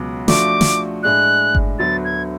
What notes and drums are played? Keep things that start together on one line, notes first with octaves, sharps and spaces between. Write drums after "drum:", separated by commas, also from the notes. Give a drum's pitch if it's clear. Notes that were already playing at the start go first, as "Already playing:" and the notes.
Already playing: C#2 B2 F#3
F3 A3 D4 F#4 D6, drum: snare
drum: snare
A2 G#3 D4 F#6
drum: kick G1
D2 D3 F#3 B3 A6
G#6